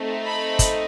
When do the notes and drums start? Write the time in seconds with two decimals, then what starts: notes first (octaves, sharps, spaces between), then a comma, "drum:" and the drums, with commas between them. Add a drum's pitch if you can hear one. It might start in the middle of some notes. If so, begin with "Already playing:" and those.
Already playing: A3 C4 D#4
0.25 B5
0.59 drum: kick, hi-hat